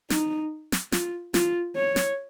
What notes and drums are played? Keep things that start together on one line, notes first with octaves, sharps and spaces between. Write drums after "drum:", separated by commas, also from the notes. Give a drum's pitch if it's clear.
D#4, drum: snare
drum: snare
F4, drum: snare
F4, drum: snare
C#5
drum: snare